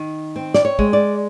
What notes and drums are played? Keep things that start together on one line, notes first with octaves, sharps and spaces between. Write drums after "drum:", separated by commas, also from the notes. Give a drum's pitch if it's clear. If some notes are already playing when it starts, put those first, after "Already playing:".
Already playing: D#3
C4
D5, drum: snare
C#5
G#3, drum: kick
D5